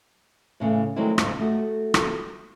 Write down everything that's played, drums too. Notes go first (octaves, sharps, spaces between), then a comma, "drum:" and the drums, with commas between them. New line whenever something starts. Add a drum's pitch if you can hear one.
A2 C#3 E3 A3
D#3 F#3 G#3 A3 C4 E4
G#2 C#3, drum: rim click
A3 F#4
drum: rim click